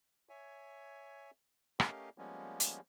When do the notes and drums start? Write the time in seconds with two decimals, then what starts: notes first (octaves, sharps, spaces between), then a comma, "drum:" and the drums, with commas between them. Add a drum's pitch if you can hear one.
0.29 C#5 E5 G#5
1.80 A3 C#4 G4 A#4 D#5 F5, drum: rim click
2.18 F3 G3 G#3 A#3 B3 C#4
2.60 drum: hi-hat